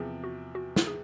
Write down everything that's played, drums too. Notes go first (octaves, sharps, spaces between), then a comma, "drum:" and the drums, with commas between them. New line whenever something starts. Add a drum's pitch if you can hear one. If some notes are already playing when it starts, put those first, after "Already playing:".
Already playing: E2 C3 F3 G#4
F#4
F#4
drum: snare
G#4